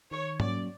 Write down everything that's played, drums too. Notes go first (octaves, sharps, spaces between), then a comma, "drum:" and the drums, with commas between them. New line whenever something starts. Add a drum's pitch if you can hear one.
D#3 C#5
F#3 A#3 C#4 F#4 D5, drum: tom G#2